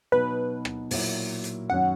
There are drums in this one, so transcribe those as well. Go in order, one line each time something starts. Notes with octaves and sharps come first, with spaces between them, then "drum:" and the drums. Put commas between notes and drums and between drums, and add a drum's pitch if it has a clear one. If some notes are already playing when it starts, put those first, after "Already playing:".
B2 F#3 B3 D#4 B4
drum: rim click
A#2 F#3 A#3 E4, drum: open hi-hat
drum: hi-hat
F#2 D#3 F#3 C#4 F#5